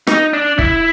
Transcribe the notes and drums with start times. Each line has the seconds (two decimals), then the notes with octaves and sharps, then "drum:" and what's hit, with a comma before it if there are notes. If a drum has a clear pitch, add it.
0.07 D#4, drum: rim click
0.33 D4
0.59 E4, drum: kick